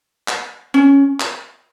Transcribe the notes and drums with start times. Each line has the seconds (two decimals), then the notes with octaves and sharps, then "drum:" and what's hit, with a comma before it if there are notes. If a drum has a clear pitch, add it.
0.28 drum: clap
0.74 C#4
1.20 drum: clap